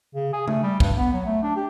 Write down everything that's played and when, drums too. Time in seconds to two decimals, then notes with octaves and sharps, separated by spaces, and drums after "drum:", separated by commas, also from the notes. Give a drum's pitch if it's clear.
0.15 C#3
0.33 G#4
0.48 A3, drum: tom C#3
0.63 G3
0.80 G2, drum: kick
0.97 B3
1.13 F#3
1.26 A3
1.43 D4
1.56 G4